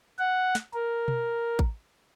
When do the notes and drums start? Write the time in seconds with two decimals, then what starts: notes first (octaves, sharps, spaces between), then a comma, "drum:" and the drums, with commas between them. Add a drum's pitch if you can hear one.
0.19 F#5
0.55 drum: snare
0.74 A#4
1.08 drum: tom B2
1.59 drum: kick A1